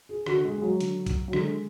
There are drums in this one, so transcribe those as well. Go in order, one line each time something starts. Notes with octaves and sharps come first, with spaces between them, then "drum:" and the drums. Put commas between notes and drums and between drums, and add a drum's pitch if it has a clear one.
G#4
D3 F#4, drum: rim click
G#3
G#3
F#3
D3, drum: hi-hat
drum: kick, hi-hat
F#3
D3 G#3, drum: rim click